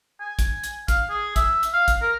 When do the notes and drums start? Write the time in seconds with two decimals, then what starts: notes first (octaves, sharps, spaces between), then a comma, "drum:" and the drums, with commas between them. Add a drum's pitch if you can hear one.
0.20 G#5
0.39 drum: kick, hi-hat
0.63 drum: hi-hat
0.88 F5, drum: kick, hi-hat
1.10 G#4
1.36 E5, drum: kick, hi-hat
1.63 drum: hi-hat
1.73 F5
1.88 drum: kick, hi-hat
2.02 A#4